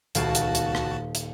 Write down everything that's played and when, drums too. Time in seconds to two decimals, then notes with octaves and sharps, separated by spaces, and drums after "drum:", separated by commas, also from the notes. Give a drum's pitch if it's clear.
0.15 D#1 C#2 F#4 F5 A5 D7, drum: hi-hat
0.35 drum: hi-hat
0.55 drum: hi-hat
0.75 drum: rim click
1.15 drum: hi-hat